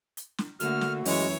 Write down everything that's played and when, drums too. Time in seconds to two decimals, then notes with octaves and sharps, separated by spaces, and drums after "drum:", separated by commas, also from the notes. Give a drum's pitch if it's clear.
0.17 drum: hi-hat
0.38 drum: snare
0.60 D3 A3 A#3 F#4 F6, drum: hi-hat
0.81 drum: snare
1.05 F#2 E3 G#3 C#5, drum: open hi-hat